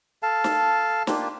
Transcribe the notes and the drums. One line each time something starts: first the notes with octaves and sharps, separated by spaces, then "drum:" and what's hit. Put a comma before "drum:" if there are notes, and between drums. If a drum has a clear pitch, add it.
A4 F5 A5
drum: snare
A#3 D4 F4 G4, drum: snare